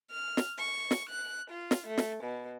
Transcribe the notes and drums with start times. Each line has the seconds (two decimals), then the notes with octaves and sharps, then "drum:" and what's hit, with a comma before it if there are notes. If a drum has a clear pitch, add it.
0.11 F6
0.37 drum: snare
0.59 C#6
0.91 drum: snare
1.10 F#6
1.50 F4
1.71 drum: snare
1.87 A3
1.98 drum: snare
2.24 B2